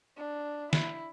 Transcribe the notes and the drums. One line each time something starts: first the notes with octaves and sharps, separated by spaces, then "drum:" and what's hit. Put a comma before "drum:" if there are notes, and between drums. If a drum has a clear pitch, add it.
D4
E4, drum: snare